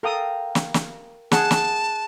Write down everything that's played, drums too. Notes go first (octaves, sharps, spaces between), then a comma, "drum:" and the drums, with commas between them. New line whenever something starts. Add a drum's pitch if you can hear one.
A4 A#4 F5 G5 D#6
drum: snare
drum: snare
G#4 F#5 A5, drum: snare
drum: snare